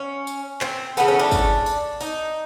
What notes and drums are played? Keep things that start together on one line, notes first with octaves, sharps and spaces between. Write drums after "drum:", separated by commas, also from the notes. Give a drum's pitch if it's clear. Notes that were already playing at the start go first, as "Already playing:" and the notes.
Already playing: C#4
drum: tambourine
C4, drum: clap
C#3 E3 A3 B3, drum: tambourine
C#4
D4
drum: kick, tambourine
drum: tambourine
D#4, drum: tambourine